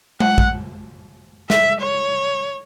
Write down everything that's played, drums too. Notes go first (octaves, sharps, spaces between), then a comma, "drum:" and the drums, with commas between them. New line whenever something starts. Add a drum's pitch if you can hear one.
F#5, drum: tom G#3
drum: kick
E5, drum: snare
C#5